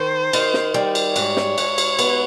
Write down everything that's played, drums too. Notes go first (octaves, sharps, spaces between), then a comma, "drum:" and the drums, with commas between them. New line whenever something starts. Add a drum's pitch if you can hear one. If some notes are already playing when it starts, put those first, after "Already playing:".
Already playing: D#3 C5
D#3, drum: cymbal
drum: snare
G3
drum: cymbal
G#2 C#5, drum: cymbal
drum: snare
G#2, drum: cymbal
drum: cymbal
B3, drum: cymbal